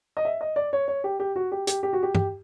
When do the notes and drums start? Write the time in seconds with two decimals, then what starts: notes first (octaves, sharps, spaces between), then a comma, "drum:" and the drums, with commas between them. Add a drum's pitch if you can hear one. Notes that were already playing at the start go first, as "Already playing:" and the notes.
0.17 D#5
0.25 E5
0.41 D#5
0.56 D5
0.73 C#5
0.88 C#5
1.04 G4
1.20 G4
1.36 F#4
1.52 G4
1.67 G4, drum: hi-hat
1.83 G4
1.93 F#4
2.03 G4
2.15 G4, drum: tom G2